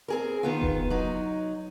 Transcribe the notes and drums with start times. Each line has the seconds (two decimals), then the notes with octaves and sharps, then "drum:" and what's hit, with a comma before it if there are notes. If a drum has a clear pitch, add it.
0.08 C4 G#4 A#4
0.43 D#3 B3 F4
0.62 drum: kick E1
0.90 F#3 D#4